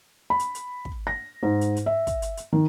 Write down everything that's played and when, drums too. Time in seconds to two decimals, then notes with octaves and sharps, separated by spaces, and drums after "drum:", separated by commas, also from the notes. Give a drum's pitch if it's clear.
0.30 B5
0.39 drum: hi-hat
0.55 drum: hi-hat
0.85 drum: kick
1.07 A#6
1.43 G#2
1.61 drum: hi-hat
1.76 drum: hi-hat
1.86 E5
2.07 drum: kick, hi-hat
2.22 drum: hi-hat
2.37 drum: hi-hat
2.53 D#3